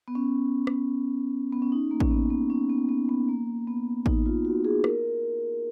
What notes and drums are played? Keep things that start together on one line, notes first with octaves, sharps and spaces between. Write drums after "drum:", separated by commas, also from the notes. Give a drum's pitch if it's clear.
B3
C#4
drum: rim click
B3
C#4
D#4
A#3
C#4, drum: kick A1
B3
B3
C#4
B3
B3
B3
A#3
B3
D#4, drum: kick A1
F4
F#4
G#4
A#4, drum: rim click